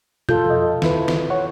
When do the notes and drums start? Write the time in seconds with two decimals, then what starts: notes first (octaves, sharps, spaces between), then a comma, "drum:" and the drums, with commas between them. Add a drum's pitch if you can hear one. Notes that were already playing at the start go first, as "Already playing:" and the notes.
0.29 F4 A4 G6, drum: tom B2
0.46 F2 D#5
0.82 D#2 E4 B4, drum: snare
1.08 drum: snare
1.30 C#5 F#5